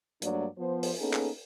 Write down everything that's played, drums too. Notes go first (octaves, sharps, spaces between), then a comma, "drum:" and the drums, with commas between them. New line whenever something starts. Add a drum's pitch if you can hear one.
G2 F#3 A3 A#3 D4 D5, drum: hi-hat
F3 B3 C5
drum: open hi-hat
A#3 B3 C#4 D#4 G#4 A4
drum: clap